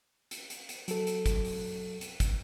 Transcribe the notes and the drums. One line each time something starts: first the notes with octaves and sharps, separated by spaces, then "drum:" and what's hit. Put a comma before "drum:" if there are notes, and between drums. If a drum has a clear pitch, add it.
drum: hi-hat
drum: hi-hat
drum: hi-hat
F#3 A4, drum: hi-hat
drum: hi-hat
drum: kick, hi-hat
drum: open hi-hat
drum: hi-hat
drum: kick, hi-hat